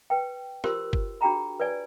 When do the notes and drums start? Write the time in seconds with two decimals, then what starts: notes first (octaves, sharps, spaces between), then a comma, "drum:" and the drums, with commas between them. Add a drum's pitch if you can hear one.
0.10 B4 G5
0.64 F4 G4 A#4 C5 C6 E6, drum: rim click
0.93 drum: kick F#1
1.21 D4 F#4 G#4 G5 A#5 B5
1.60 B4 C#5 D5 G#5